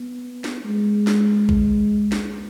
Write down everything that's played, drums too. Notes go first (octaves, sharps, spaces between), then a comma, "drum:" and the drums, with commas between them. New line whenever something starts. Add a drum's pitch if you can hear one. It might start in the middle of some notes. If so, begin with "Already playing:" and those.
Already playing: B3
drum: snare
G#3
drum: snare
drum: kick A#1
drum: snare